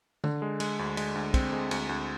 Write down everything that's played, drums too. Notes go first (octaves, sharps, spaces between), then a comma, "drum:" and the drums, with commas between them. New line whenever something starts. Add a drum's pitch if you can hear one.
D3, drum: tom
G#3
G#3, drum: cymbal
D2
G#3, drum: cymbal
D2
C4, drum: kick, cymbal
G#3
D2, drum: cymbal
D2